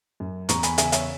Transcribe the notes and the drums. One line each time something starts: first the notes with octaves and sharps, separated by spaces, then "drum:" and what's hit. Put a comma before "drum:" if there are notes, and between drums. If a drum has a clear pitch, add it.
F#2
E2 A#5 C#6, drum: hi-hat
G#5 B5, drum: hi-hat
C#3 E5 G#5, drum: hi-hat
C#5 E5, drum: hi-hat